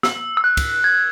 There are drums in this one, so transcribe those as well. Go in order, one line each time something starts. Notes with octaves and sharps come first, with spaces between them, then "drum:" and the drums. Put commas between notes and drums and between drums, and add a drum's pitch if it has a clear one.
E6, drum: snare
E6
F#6
drum: kick, cymbal
G#6